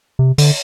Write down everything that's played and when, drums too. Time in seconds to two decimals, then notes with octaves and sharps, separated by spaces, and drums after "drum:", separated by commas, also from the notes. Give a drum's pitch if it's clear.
0.19 C3
0.38 D3, drum: open hi-hat